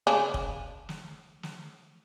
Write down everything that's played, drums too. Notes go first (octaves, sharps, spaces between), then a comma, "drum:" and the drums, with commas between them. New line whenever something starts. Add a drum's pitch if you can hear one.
C#3 D4 G#5
drum: kick
drum: snare
drum: snare